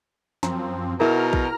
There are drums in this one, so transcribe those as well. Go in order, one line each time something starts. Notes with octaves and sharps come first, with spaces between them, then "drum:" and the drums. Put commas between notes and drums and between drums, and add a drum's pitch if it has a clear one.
F#2 F3 C4 A#5, drum: snare
B2 E4 F#4 G#4 A#4 B4 A#5 F6
drum: kick A#1